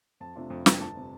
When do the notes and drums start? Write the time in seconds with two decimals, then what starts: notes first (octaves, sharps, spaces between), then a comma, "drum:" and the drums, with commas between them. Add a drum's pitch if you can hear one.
0.20 F2 A5
0.35 C3 A3 D4 F4
0.50 F2
0.66 C3 A3 D4 F4 G5, drum: snare
0.80 G1 A5
0.97 C3